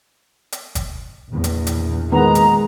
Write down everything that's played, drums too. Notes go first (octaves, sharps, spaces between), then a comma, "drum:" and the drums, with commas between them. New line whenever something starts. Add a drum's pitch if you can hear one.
drum: hi-hat
drum: kick, hi-hat
A#1 E2
drum: hi-hat
drum: hi-hat
D#3 G#3 B3 A#5
drum: hi-hat